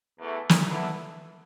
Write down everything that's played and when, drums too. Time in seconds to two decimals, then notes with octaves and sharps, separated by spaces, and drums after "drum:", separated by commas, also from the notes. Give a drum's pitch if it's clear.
0.20 E2 E3 A3
0.49 drum: snare
0.69 E2 D3 B3 E4